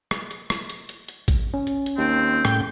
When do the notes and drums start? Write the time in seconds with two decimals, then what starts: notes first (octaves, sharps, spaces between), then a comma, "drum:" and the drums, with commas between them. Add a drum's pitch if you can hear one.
0.11 drum: rim click
0.31 drum: hi-hat
0.50 drum: rim click
0.70 drum: hi-hat
0.89 drum: hi-hat
1.08 drum: hi-hat
1.28 drum: kick, hi-hat
1.54 C#4
1.67 drum: hi-hat
1.86 drum: hi-hat
1.97 D#2 C4
2.45 A2 G5, drum: rim click